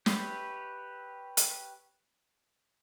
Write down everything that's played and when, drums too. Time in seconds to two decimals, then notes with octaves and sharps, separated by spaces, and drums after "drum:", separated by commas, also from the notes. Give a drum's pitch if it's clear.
0.06 G4 B4 C#5 E5, drum: snare
1.37 drum: hi-hat